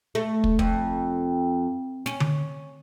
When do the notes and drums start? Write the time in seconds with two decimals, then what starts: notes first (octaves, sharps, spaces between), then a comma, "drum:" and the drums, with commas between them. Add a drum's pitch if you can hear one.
0.15 A3
0.44 drum: kick
0.59 F2, drum: kick
2.06 C#4, drum: snare
2.20 drum: tom D3